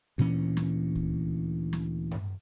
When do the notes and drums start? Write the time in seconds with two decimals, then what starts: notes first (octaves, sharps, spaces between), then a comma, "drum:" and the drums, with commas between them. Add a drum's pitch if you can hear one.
0.18 D2 A#2 E3 C#4
0.57 drum: snare
0.95 drum: kick C#2
1.73 drum: snare
2.11 drum: tom G2